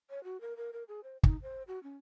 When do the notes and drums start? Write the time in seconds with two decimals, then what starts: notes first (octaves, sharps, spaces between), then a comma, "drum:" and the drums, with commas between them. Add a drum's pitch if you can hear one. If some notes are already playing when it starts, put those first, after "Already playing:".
0.10 C#5
0.24 F#4
0.41 A#4
0.57 A#4
0.73 A#4
0.88 G#4
1.04 C5
1.23 D#4, drum: kick
1.42 C5
1.68 F#4
1.83 C#4